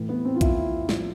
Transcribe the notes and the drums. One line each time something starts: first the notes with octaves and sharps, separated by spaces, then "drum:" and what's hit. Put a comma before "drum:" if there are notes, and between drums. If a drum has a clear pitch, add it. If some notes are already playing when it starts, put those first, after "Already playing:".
Already playing: A2 E3
B3
C4
F4
E4, drum: kick A#1, hi-hat
A2 F3, drum: snare